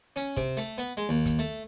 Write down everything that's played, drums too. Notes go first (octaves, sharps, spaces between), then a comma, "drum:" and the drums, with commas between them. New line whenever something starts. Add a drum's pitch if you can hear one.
C#4, drum: hi-hat
C3, drum: kick
A3, drum: hi-hat
B3
G#3
D#2
drum: kick, hi-hat
A3